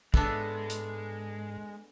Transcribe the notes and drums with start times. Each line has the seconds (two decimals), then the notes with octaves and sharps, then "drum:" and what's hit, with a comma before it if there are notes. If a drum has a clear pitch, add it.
0.14 G#2 G#3 B3 D4 A4 E5, drum: kick
0.70 drum: hi-hat